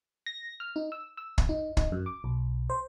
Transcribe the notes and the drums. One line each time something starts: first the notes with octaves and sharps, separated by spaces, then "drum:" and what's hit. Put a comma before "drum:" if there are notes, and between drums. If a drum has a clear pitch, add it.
A#6
F6
D#4
E6
E6
drum: kick
D#4
D#4, drum: kick
F#2
D6
B1
C5